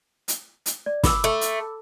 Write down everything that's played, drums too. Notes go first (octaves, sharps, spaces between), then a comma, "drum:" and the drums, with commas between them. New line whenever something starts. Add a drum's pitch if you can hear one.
drum: hi-hat
drum: hi-hat
D5
B5 D6 E6, drum: snare
A3
drum: hi-hat